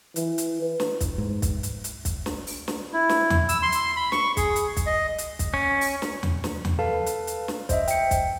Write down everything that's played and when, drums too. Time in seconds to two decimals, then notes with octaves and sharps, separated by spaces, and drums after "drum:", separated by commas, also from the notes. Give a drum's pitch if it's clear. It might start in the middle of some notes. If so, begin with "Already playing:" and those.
0.16 E3, drum: hi-hat
0.38 drum: hi-hat
0.62 B4
0.80 drum: snare
1.00 drum: kick, hi-hat
1.18 G#2
1.42 drum: kick, hi-hat
1.63 drum: hi-hat
1.84 drum: hi-hat
2.05 drum: kick, hi-hat
2.26 drum: snare
2.47 drum: open hi-hat
2.68 drum: snare
2.93 E4
3.09 drum: snare
3.30 drum: tom D#2
3.49 E6, drum: hi-hat
3.62 C6
3.72 drum: hi-hat
3.97 B5
4.12 C#6, drum: snare
4.37 G#4, drum: kick, hi-hat
4.56 drum: hi-hat
4.77 drum: kick, hi-hat
4.86 D#5
5.18 drum: hi-hat
5.39 drum: kick, hi-hat
5.54 C#4
5.81 drum: open hi-hat
6.02 drum: snare
6.23 drum: tom D#2
6.44 drum: snare
6.65 drum: tom D#2
6.79 A4 B4 F5 A5
7.06 drum: hi-hat
7.27 drum: hi-hat
7.48 drum: snare
7.69 C5 D#5 E5, drum: kick, hi-hat
7.88 G5 C#7, drum: hi-hat
8.11 drum: kick, hi-hat